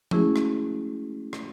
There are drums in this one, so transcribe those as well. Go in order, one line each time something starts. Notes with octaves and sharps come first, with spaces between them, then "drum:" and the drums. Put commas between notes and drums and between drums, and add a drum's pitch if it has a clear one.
G#3 A3 C#4 E4 F#4 G#4, drum: tom F3
drum: rim click
drum: rim click